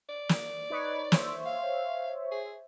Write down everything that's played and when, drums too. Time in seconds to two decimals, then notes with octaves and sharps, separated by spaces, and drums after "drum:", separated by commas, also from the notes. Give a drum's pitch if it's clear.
0.09 D5
0.29 drum: snare
0.70 D#4 B4 C#5
1.12 C5 C#5 E5, drum: snare
1.46 F5
2.32 G#4